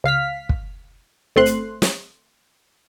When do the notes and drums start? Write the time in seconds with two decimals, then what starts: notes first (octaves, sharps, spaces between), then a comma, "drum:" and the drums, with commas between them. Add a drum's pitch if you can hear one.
0.04 C#2 F5 F6 B6
0.49 drum: kick
1.36 G1 A3 C4 C6 F#6
1.46 drum: hi-hat
1.82 drum: snare